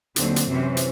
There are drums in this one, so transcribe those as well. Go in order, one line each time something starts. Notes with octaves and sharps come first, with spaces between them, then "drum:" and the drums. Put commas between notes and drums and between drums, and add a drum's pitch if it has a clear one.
D#2 D3 F#3 C4, drum: hi-hat
drum: hi-hat
F#2 C3 E3 C4 C#4 C5
drum: hi-hat